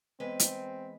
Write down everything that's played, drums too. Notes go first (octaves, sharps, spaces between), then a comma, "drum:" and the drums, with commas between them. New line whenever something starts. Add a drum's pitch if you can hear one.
E2 G#3 C4 B4
drum: hi-hat